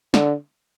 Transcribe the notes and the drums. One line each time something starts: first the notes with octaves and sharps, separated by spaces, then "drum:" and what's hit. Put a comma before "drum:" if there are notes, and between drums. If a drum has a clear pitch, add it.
D3, drum: snare